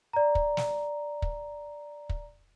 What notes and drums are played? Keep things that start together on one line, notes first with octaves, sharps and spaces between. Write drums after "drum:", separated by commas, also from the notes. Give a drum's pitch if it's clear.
D5 A#5
drum: kick
drum: snare
drum: kick
drum: kick